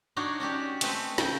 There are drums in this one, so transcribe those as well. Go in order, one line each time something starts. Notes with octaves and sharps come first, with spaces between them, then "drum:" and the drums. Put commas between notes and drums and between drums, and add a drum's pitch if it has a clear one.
D4 D#4 F#4 C#5 D5
C#4 F#4 G4 D5
G#3 A3 C4 B4, drum: hi-hat
C#3 G5, drum: snare